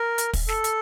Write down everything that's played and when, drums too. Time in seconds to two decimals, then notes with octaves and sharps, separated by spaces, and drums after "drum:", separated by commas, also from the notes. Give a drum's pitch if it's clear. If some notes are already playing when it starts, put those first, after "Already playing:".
Already playing: A#4
0.18 drum: hi-hat
0.33 drum: kick, open hi-hat
0.48 A4, drum: snare
0.64 drum: hi-hat